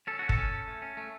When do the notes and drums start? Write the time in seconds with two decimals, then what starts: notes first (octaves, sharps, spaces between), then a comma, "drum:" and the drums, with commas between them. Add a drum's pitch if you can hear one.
0.07 C#4 A4
0.19 C#4 F#4
0.29 A4, drum: kick
0.38 C#4
0.53 C#4
0.68 A3
0.82 C#4
0.97 A3